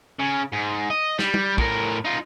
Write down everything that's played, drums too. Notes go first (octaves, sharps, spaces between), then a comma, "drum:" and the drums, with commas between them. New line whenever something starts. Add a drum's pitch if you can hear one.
C#3
G#2
D#5
G3, drum: snare
drum: tom
A2 A#4, drum: kick
D#4 F4